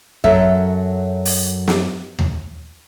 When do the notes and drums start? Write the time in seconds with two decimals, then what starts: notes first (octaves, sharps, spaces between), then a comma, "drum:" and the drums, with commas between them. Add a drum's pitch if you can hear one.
0.24 F#2 F#3 A4 E5, drum: kick
1.25 drum: open hi-hat
1.68 drum: snare
2.19 drum: tom D#2